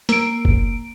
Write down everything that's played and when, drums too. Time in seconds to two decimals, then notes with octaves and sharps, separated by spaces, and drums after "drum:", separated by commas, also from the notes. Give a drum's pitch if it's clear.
0.09 A#3 D7, drum: hi-hat
0.45 drum: kick